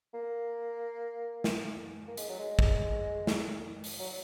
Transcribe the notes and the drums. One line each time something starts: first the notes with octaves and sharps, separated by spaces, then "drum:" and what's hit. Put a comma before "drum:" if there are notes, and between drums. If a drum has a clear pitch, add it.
A#3
drum: snare
A#3
G#3, drum: hi-hat
F#3
G#3
drum: kick
drum: snare
drum: open hi-hat
F#3